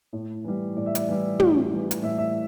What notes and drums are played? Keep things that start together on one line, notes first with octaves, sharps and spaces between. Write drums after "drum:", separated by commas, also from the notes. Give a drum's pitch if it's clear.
A2
E3 G3
A2 D5
E5
D5, drum: hi-hat
E3 G3
A2, drum: tom
E3 G3
drum: hi-hat
A2 E5
E5